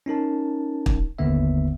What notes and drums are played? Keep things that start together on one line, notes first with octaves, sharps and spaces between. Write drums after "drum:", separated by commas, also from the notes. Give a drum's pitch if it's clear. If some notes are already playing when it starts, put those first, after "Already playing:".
C#4 D#4 A#4 A5
drum: kick
G1 D#2 D3 B3 E5